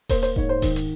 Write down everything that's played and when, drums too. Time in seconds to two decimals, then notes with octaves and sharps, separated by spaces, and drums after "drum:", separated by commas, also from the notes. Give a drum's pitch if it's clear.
0.09 A#3 C5, drum: kick D#1, open hi-hat
0.23 C5, drum: hi-hat
0.36 G#2 C#5, drum: kick D#1
0.49 C5
0.62 D#3, drum: kick D#1, open hi-hat
0.76 drum: hi-hat